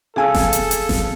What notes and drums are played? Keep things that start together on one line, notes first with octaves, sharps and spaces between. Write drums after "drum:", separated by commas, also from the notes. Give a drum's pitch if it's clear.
C#3 G#4 A4 G#5 E6
drum: snare F1
drum: hi-hat
drum: hi-hat
drum: snare F1